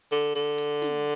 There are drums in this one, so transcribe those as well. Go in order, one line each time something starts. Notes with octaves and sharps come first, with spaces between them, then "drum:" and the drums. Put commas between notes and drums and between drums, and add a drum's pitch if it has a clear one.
D3
D3
drum: hi-hat
drum: snare